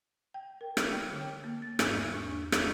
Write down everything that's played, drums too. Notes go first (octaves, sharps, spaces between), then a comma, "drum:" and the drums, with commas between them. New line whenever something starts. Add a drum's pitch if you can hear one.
G5
A#4
F6, drum: rim click
G5
D3
A#3
A6
G#2, drum: rim click
E2
D4
G4, drum: rim click